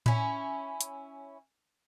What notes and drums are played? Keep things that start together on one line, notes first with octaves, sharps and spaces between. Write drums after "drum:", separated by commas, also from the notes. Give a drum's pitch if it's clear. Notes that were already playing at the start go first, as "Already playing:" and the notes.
C#4 E4, drum: tom A2
drum: hi-hat